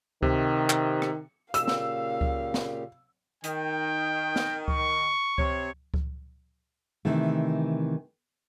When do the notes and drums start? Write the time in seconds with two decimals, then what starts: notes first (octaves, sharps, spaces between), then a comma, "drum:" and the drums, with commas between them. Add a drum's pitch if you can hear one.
0.22 C3 D#3, drum: kick C#2
0.70 drum: clap
1.02 drum: rim click
1.54 A#2 C#3 G4 F5 E6, drum: hi-hat
1.68 drum: snare
2.21 drum: kick C#2
2.54 drum: snare
3.44 D#3 G5, drum: hi-hat
4.36 drum: snare
4.68 C#6, drum: kick C#2
5.38 C3 C#5, drum: kick C#2
5.94 drum: kick C#2
7.05 C3 D#3 E3 A3